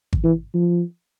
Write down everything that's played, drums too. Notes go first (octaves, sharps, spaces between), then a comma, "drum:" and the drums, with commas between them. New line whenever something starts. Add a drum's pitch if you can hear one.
drum: kick G#1
E3
F3